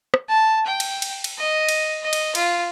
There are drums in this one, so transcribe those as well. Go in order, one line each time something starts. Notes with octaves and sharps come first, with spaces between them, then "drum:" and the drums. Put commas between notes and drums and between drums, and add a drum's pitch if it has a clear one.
drum: rim click
A5
G5
drum: cymbal
drum: cymbal
drum: cymbal
D#5
drum: cymbal
D#5
drum: cymbal
F4, drum: cymbal